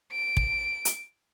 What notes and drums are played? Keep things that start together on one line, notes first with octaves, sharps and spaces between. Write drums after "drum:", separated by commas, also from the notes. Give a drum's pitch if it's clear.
D7
drum: kick
drum: hi-hat